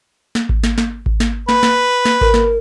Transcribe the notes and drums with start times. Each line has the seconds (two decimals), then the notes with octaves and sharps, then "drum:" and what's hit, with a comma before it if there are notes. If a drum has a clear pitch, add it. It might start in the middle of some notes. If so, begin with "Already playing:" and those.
0.35 drum: snare
0.49 drum: kick G#1
0.64 drum: snare
0.78 drum: snare
1.06 drum: kick G#1
1.20 drum: snare
1.49 B4, drum: snare
1.63 drum: snare
2.05 drum: snare
2.21 A#4, drum: kick G#1
2.34 drum: snare